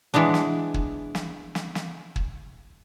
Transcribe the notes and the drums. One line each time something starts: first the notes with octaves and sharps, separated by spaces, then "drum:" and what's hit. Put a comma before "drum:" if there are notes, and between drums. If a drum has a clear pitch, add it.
E3 G#3 B3 D4
drum: snare
drum: kick
drum: snare
drum: snare
drum: snare
drum: kick